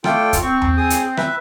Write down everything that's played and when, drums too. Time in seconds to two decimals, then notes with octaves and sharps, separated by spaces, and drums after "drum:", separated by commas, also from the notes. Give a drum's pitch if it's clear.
0.04 A3 F4 A4 D5 G5, drum: rim click
0.33 drum: kick, hi-hat
0.42 C4 C#6
0.62 drum: tom D#2
0.77 G#4 D#6
0.90 drum: hi-hat
1.17 B4 E5, drum: rim click